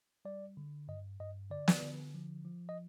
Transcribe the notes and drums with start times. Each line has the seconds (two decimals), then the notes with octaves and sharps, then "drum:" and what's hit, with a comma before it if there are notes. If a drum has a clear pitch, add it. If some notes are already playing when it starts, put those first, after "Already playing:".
0.25 G3 D5
0.57 D3
0.88 G2 D#5
1.20 G2 D#5
1.51 D3 D5
1.68 drum: snare
1.83 D3
2.14 F3
2.45 F3
2.69 D#5